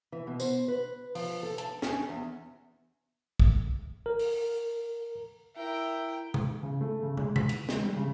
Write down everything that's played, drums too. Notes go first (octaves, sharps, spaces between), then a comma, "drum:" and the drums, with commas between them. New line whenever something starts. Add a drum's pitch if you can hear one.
E3
B2
C5, drum: tambourine
B4
F3, drum: open hi-hat
A4
A5, drum: hi-hat
C#4, drum: snare
E2
drum: kick
A#4
drum: open hi-hat
E4 A#4 E5 G5
drum: tom
C#3
A3
C#3
G#3, drum: tom
B6, drum: tom
E3, drum: cymbal
G#3, drum: snare
G3
C#3